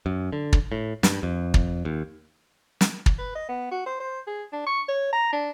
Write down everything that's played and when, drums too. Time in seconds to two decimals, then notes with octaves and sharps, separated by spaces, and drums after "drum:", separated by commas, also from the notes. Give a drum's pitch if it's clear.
0.06 F#2
0.32 D3
0.53 drum: kick
0.72 A2
1.03 G2, drum: snare
1.23 F2
1.54 drum: kick
1.85 D#2
2.81 drum: snare
3.06 drum: kick
3.18 B4
3.35 D#5
3.49 B3
3.71 F#4
3.86 C5
4.00 C5
4.27 G#4
4.52 D4
4.66 C#6
4.88 C#5
5.13 A#5
5.32 D4